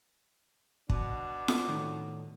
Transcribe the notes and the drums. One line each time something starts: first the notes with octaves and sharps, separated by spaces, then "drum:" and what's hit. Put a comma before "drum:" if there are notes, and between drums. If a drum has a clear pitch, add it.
B2 D4, drum: kick
drum: snare F4
A2 D#3